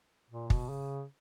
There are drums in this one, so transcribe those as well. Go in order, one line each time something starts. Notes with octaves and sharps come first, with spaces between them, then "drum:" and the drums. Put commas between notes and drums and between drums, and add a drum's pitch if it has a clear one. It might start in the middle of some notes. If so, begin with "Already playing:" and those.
A#2
B2, drum: kick
C#3